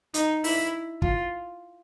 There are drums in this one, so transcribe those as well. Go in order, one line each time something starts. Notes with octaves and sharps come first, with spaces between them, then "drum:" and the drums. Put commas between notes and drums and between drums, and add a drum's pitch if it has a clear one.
D#4, drum: hi-hat
E4, drum: open hi-hat
F4, drum: kick